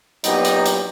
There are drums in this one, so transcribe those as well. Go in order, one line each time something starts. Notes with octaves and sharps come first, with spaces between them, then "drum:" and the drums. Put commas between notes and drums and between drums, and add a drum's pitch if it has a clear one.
A#1 F#3 B3 D#4 G4, drum: hi-hat
drum: hi-hat
drum: hi-hat